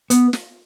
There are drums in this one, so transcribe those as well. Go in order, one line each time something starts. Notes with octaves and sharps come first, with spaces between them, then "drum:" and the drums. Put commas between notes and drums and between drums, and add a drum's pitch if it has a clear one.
B3, drum: hi-hat
drum: snare